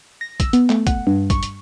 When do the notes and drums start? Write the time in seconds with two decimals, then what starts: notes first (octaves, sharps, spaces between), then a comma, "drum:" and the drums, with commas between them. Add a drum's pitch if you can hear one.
0.21 A#6
0.40 E6, drum: kick, hi-hat
0.53 B3, drum: hi-hat
0.70 A3, drum: clap
0.87 F#5, drum: kick, hi-hat
1.07 G2
1.30 C#6, drum: kick, hi-hat
1.43 drum: hi-hat